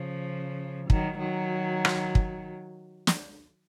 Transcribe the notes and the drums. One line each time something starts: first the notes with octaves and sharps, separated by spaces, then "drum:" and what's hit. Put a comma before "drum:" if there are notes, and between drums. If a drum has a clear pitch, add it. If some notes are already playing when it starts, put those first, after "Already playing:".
Already playing: C#3 F3
D#3 F#3, drum: kick
D#3 F#3
drum: rim click
drum: kick
drum: snare